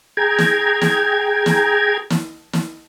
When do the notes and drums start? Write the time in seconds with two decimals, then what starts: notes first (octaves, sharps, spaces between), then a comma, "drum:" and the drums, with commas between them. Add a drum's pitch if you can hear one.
0.17 G#4 G5 A#5 G#6
0.38 drum: snare
0.81 drum: snare
1.46 drum: snare
2.10 drum: snare
2.53 drum: snare